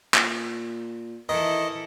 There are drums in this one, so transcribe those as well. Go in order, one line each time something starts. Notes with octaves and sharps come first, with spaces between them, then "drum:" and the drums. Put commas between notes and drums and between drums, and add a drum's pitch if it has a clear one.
A#2, drum: clap
D#3 E3 E4 A4 D#5